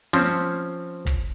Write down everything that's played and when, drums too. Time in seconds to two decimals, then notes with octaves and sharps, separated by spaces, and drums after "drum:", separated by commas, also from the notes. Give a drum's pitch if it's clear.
0.13 F3 C4 C#4 C5, drum: snare
1.06 drum: kick